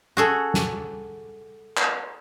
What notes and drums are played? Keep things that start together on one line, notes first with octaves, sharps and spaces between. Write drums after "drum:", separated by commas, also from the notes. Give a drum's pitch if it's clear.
F#4 G#4 A4
drum: snare
drum: clap